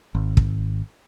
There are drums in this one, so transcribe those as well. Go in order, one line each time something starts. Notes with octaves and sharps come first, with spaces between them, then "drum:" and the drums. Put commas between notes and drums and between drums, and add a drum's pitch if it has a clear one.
G#1
drum: kick